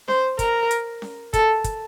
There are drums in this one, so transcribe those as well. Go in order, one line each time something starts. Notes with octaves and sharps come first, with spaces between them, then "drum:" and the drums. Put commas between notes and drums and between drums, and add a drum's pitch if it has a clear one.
C5, drum: snare C#4
A#4, drum: kick, hi-hat
drum: hi-hat
drum: snare C#4
A4, drum: kick, hi-hat
drum: kick, hi-hat